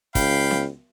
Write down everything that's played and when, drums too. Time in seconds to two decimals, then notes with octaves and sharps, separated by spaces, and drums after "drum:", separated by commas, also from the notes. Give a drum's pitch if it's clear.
0.15 C#2 F5 G5 B5, drum: kick, hi-hat
0.51 drum: snare B3